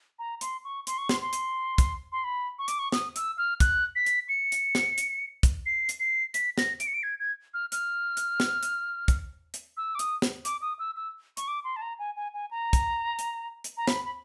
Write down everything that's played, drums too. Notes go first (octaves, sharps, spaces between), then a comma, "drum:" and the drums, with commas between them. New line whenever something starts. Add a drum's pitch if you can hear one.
A#5
C6, drum: hi-hat
C#6
C6, drum: hi-hat
C#6
C6, drum: snare
C6
drum: hi-hat
drum: kick, hi-hat
C6
B5
C#6
D6, drum: hi-hat
C#6
D#6, drum: snare
E6, drum: hi-hat
F6
F#6, drum: kick, hi-hat
B6
drum: hi-hat
C#7
drum: hi-hat
drum: snare
drum: hi-hat
drum: kick, hi-hat
C7
drum: hi-hat
C7
B6, drum: hi-hat
A#6, drum: snare
D7, drum: hi-hat
C#7
D7
G#6
G#6
F6
F6, drum: hi-hat
drum: hi-hat
drum: snare
drum: hi-hat
drum: kick, hi-hat
drum: hi-hat
E6
D6
D#6, drum: hi-hat
drum: snare
D6, drum: hi-hat
D#6
E6
E6
C#6, drum: hi-hat
D6
C6
A5
A#5
G#5
G#5
G#5
A#5
drum: kick, hi-hat
drum: hi-hat
drum: hi-hat
A#5
B5, drum: snare
B5